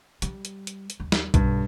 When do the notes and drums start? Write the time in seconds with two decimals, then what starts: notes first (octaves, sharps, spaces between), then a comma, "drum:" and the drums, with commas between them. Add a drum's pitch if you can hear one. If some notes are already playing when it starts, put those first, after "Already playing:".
0.22 G3, drum: hi-hat
0.45 drum: hi-hat
0.67 drum: hi-hat
0.90 drum: hi-hat
1.00 D#2
1.12 drum: snare
1.34 B1 G2, drum: kick B1, hi-hat